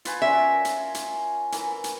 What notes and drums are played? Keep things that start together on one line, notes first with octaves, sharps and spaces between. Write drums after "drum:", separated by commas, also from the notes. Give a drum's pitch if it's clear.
F4 B4 G#5, drum: hi-hat
C#4 A#4 E5
drum: hi-hat
drum: hi-hat
E3 A#4, drum: hi-hat
drum: hi-hat